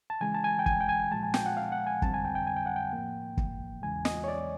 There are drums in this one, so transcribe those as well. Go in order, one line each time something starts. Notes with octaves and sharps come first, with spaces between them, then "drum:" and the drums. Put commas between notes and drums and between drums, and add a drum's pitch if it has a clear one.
A5
C#3 E3 G#3 G#5
A5
G#5
G5
G#5, drum: kick
G5
G#5
A#2 F3 G#3 A5
G#5
G5, drum: snare
F#5
F5
F#5
G#5
F2 D3 G3 C4 A5, drum: kick
G#5
G5
G5
G#5
G5
F#5
G5
A2 F3 A#3
drum: kick
E2 C#3 E3 G#3 G#5
D#5, drum: snare
C#5
D5